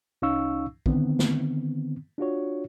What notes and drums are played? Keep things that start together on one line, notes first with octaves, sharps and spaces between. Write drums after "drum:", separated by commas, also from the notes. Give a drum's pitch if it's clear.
C2 C#4 D#4 F5 C#6 E6
D3 D#3 B3 C4, drum: kick
drum: snare
D4 F4 F#4 C#5